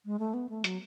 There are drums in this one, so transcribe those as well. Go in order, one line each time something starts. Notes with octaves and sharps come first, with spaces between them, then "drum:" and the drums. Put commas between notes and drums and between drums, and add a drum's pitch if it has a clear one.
G#3
A3
B3
A3
F#3, drum: hi-hat